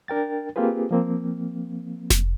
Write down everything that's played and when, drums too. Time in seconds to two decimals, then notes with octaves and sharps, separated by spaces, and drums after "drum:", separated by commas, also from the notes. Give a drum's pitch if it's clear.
0.08 D4 A#4 G5 A6
0.56 A#3 C4 F4 G4 G#4 B4
0.91 F3 A#3 C4
2.10 drum: snare F1